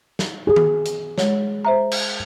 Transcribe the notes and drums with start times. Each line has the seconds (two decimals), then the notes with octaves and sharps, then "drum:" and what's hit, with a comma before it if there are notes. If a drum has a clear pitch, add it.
0.19 drum: snare
0.47 G#4
0.56 drum: tom D#3
0.86 drum: hi-hat
1.18 G#3 C#5, drum: snare
1.65 C5 E5 A#5
1.92 drum: cymbal